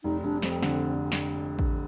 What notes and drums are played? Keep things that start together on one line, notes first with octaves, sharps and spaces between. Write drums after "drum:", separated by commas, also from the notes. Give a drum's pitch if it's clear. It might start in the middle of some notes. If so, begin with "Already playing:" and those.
F1 D#4
F1 D4
F2 C4, drum: snare
D3, drum: snare
drum: snare
drum: kick A1